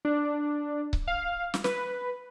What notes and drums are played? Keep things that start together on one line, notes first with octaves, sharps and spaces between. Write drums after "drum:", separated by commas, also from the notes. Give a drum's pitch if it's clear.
D4
drum: kick C#1
F5
drum: snare
B4, drum: snare